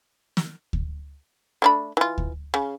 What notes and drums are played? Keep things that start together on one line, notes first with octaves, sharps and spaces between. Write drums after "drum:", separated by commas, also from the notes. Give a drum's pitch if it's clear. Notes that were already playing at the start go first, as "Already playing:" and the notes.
drum: snare
drum: kick D2
A3 D4 B5
E3 F4
drum: kick D2
C#3